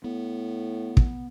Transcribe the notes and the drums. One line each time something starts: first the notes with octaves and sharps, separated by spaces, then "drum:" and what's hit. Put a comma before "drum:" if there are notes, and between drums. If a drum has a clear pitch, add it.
A2 B3
drum: kick